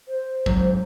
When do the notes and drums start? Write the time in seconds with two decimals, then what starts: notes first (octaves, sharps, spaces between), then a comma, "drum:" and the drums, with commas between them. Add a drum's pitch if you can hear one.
0.08 C5
0.46 G#1 F#3, drum: kick